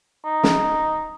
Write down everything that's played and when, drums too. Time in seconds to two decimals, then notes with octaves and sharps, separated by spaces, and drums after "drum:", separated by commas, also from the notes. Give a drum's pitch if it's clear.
0.24 D#4
0.43 drum: snare